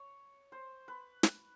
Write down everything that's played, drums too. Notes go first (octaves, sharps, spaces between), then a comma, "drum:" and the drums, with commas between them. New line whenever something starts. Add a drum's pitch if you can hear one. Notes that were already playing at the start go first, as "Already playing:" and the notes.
Already playing: C#5
C5
B4
drum: snare